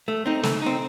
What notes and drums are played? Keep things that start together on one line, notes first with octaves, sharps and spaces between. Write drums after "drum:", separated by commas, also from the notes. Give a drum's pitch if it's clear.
A3
C4 D#4
A3, drum: snare
C4 D#4